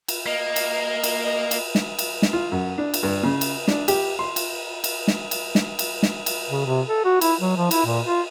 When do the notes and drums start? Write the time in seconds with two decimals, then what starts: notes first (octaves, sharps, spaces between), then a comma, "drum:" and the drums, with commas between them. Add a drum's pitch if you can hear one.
0.08 drum: cymbal
0.26 A#3 D#5
0.56 drum: cymbal
1.04 drum: cymbal
1.23 D#5
1.51 drum: cymbal
1.75 drum: snare
1.99 drum: cymbal
2.22 drum: snare
2.33 F4
2.52 F#2
2.78 D4
2.94 drum: cymbal
3.03 G2
3.23 C#3
3.41 drum: cymbal
3.68 D4, drum: snare
3.88 G4, drum: cymbal
4.19 C6
4.36 drum: cymbal
4.84 drum: cymbal
5.08 drum: snare
5.31 drum: cymbal
5.55 drum: snare
5.79 drum: cymbal
6.03 drum: snare
6.26 drum: cymbal
6.50 C#3
6.66 C3
6.88 A4
7.05 F#4
7.21 E4, drum: cymbal
7.40 F#3
7.57 F3
7.71 E4, drum: cymbal
7.86 A#2
8.05 F4